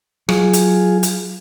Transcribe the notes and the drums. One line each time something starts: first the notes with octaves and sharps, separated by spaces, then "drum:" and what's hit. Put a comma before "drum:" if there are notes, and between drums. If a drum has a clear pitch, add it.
F#3 F4 G#4, drum: rim click
drum: hi-hat
drum: hi-hat